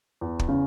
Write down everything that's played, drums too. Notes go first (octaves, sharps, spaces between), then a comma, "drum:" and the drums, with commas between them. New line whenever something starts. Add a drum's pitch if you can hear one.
E2
drum: kick
C#3